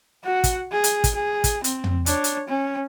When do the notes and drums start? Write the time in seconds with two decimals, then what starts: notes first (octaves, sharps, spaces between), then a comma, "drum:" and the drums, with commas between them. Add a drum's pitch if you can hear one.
0.24 F#4 F#5
0.44 drum: kick, hi-hat
0.72 G#4
0.84 drum: hi-hat
1.04 drum: kick, hi-hat
1.15 G#4
1.44 drum: kick, hi-hat
1.64 C4, drum: hi-hat
1.84 drum: tom
2.06 D4 C#5, drum: hi-hat
2.24 drum: hi-hat
2.49 C#4